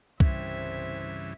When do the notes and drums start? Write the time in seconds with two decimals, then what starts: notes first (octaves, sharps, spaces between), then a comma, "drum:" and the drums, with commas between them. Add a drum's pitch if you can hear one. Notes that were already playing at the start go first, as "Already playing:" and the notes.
0.20 C2 G2 C#3 E3 C4 E5, drum: kick